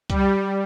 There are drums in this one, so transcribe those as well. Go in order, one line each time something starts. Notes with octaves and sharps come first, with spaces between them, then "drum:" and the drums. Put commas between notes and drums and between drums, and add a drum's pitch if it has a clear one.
G3, drum: kick C2, hi-hat